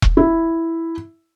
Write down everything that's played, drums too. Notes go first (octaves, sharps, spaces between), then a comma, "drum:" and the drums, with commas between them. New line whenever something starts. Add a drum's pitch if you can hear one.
drum: kick E1
E4